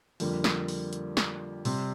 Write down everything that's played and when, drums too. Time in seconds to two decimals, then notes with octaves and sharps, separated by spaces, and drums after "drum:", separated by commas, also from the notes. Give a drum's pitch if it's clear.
0.20 F2 D3 G3 A#3, drum: open hi-hat
0.44 drum: snare
0.68 drum: open hi-hat
0.93 drum: hi-hat
1.17 drum: snare
1.65 C3 G3 C4, drum: open hi-hat